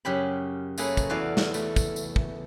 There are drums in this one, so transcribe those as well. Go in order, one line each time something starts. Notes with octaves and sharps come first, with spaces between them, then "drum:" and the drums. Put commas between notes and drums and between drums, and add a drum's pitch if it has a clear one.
F#2 C#3 G4 C#5 B5
A3 A#3 C#4 G#4 A4 B4, drum: tambourine
drum: kick, tambourine
E2 E3 F#4 A4 D5 F5
drum: snare
A3, drum: tambourine
drum: kick, tambourine
drum: tambourine
drum: kick